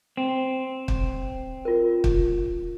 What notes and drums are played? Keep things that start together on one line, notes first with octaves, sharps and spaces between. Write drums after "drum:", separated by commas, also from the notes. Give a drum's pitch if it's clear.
C4
drum: kick
F4 A#4
drum: kick